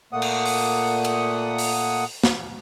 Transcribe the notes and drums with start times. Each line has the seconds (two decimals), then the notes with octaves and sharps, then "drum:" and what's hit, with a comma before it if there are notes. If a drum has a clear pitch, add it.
0.13 A#2 A3 A#3 F#5 D#6
0.22 drum: cymbal
0.46 drum: open hi-hat
1.04 drum: cymbal
1.58 drum: open hi-hat
2.24 drum: snare